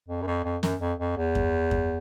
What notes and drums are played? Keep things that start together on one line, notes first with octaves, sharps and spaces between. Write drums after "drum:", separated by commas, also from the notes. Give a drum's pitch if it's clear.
F2
F#2
F2
F2
F#2, drum: snare
F2
F2
E2
drum: kick F#2
drum: kick F#2